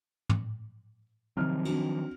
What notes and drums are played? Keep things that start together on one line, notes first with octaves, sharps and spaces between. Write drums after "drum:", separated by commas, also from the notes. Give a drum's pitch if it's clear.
drum: tom
C3 D#3 F3 F#3 F6
C4 D4 F#4, drum: cymbal